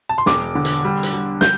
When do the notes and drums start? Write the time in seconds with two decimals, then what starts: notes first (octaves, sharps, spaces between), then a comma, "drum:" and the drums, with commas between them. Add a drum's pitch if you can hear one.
0.09 A5
0.18 C6
0.26 E1 D6, drum: snare
0.55 D3
0.65 drum: hi-hat
0.85 G3
1.03 drum: hi-hat
1.13 G3
1.41 G6, drum: snare